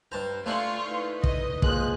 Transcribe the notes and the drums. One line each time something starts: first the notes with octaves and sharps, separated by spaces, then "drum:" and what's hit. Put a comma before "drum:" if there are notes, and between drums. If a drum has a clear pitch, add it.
G2 C5 A5 A#5
A3 C#4 D4 F4 C6 C#6
D#4 E4 B4
D#5, drum: kick
D#2 F3 G#3 F#6, drum: kick